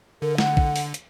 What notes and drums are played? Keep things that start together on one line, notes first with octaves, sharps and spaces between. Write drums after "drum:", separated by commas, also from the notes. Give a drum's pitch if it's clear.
D3 A#4
F#5, drum: snare
drum: kick
drum: open hi-hat
drum: hi-hat